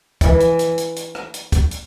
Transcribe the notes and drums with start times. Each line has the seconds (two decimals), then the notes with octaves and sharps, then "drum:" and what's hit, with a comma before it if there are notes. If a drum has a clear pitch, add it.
0.21 E3, drum: kick, hi-hat
0.40 drum: hi-hat
0.59 drum: hi-hat
0.78 drum: hi-hat
0.96 drum: hi-hat
1.15 drum: rim click
1.34 drum: hi-hat
1.52 drum: kick, hi-hat
1.71 drum: hi-hat